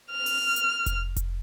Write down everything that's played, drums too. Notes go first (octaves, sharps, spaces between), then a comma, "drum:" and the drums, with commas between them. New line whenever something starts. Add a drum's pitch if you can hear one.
F6
drum: open hi-hat
drum: hi-hat
drum: kick F1, hi-hat
drum: kick F1, hi-hat